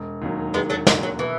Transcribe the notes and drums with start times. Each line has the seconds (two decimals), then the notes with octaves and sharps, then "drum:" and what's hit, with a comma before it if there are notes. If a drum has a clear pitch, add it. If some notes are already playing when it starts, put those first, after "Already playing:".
Already playing: E1
0.22 D#2 D#3 F#3
0.54 E1 G#3 B3
0.70 F#3 A3
0.87 D#2 D#3 F#3 G#3, drum: snare
1.03 F#3
1.19 B2 E3